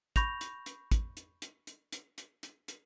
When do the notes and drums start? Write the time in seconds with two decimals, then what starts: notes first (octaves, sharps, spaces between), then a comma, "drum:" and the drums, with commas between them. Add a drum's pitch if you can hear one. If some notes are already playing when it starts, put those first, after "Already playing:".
0.16 B5 C#6 G6 A#6 F7, drum: kick, hi-hat
0.41 drum: hi-hat
0.66 drum: hi-hat
0.91 drum: kick, hi-hat
1.17 drum: hi-hat
1.42 drum: hi-hat
1.67 drum: hi-hat
1.92 drum: hi-hat
2.18 drum: hi-hat
2.43 drum: hi-hat
2.68 drum: hi-hat